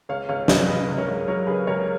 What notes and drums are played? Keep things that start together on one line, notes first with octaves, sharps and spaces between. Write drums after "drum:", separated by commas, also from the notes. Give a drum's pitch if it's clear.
C#2 C#5 F5
C#2 C#5 F5
F#3 B4 D#5, drum: snare
C#3 B4 D#5
C#2
A#4 C#5
C#2
F#3 A#4 C#5
C#3 G#4 B4
C#2 A#4 C#5